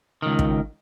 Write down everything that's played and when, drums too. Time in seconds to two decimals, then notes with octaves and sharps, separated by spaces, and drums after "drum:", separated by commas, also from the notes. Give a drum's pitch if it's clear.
0.22 C#2 D#3
0.39 drum: kick